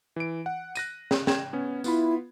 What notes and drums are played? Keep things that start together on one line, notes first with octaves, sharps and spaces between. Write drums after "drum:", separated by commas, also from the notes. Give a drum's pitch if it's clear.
E3 D7
F#5
F#6 A#6 D#7, drum: tambourine
drum: snare
G5 G#6 E7, drum: snare
B3 C#4
B3 E4 F4 B5, drum: tambourine